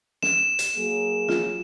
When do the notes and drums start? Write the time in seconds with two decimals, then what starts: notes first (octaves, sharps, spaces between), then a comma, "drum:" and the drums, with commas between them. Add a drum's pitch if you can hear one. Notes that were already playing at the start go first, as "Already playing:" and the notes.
0.23 E7, drum: snare
0.59 drum: hi-hat
0.76 F#3 A#3 G#4
1.29 F4, drum: snare